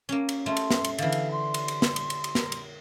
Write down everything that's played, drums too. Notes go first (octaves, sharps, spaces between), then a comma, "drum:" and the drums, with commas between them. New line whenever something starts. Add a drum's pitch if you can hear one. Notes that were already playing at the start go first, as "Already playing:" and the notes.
A#3 C#4
drum: cymbal
A3 C#4 C6
drum: cymbal
drum: snare
drum: cymbal
D3 E3 F5, drum: cymbal
drum: cymbal
C6
drum: cymbal
drum: cymbal
drum: snare
drum: cymbal
drum: cymbal
drum: cymbal
A#4, drum: snare
drum: cymbal